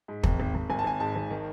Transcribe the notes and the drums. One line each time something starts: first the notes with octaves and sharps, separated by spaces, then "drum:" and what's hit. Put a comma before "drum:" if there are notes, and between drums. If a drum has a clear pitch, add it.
G#2
G#1, drum: kick
G#1
G#1
G#1 G#5
A5
G#1 G#5
G#2 A5
G#1
D#3